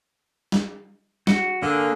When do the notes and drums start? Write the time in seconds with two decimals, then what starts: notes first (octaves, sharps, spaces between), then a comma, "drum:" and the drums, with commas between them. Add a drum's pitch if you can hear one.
0.52 drum: snare
1.27 F#4, drum: snare
1.62 D3 A#3 G#4